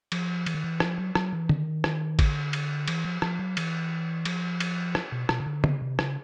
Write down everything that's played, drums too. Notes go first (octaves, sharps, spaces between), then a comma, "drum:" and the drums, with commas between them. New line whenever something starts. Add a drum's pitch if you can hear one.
F3, drum: cymbal
E3, drum: cymbal
D#3
E3
F3, drum: rim click
F#3
F#3, drum: rim click
E3
D#3, drum: tom
drum: rim click
D3, drum: kick A1, cymbal
drum: cymbal
E3, drum: cymbal
F3
F3, drum: rim click
F#3
E3, drum: cymbal
F3, drum: cymbal
drum: cymbal
drum: rim click
B2
B2, drum: rim click
C#3
D3
C#3, drum: tom
C3
C#3, drum: rim click